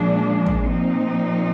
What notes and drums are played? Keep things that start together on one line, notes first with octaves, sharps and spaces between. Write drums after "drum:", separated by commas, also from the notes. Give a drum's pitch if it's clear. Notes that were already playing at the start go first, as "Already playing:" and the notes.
Already playing: A#2 F3 G#3 D4
drum: kick
A#2 F3 C4 D#4